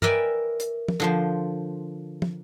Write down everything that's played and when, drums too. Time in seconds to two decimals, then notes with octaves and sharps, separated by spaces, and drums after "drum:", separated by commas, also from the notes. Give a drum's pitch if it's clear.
0.02 A#4 B4 D5 E5 G5 G#5, drum: tom G2
0.60 drum: hi-hat
0.88 drum: tom
1.00 D3 F3 C5
2.22 drum: tom